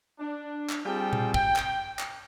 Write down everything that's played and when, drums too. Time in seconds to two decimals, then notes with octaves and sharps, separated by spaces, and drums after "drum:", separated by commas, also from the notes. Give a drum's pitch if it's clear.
0.20 D4
0.70 drum: clap
0.86 G3 C4 F4 G#4 G5 A5
1.13 drum: tom A#2
1.34 G5, drum: kick
1.56 drum: clap
1.99 drum: clap